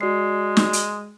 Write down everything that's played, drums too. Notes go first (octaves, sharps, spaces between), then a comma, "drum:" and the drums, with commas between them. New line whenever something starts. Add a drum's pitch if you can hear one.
G#3 F#4 D5 C7
drum: snare
drum: hi-hat